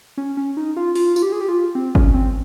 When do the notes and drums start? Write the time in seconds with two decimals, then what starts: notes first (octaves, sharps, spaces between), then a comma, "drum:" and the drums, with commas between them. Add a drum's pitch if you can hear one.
0.17 C#4
0.37 C#4
0.57 D#4
0.77 F4
0.95 F4, drum: open hi-hat
1.16 F4, drum: tambourine
1.22 G4
1.32 G#4
1.41 G4
1.49 F4
1.75 C4
1.95 C#4, drum: kick G1
2.14 C4